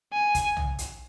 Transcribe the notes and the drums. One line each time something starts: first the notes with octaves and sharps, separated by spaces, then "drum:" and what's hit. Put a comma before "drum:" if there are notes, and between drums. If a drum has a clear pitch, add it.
G#5
drum: kick, hi-hat
drum: tom
drum: hi-hat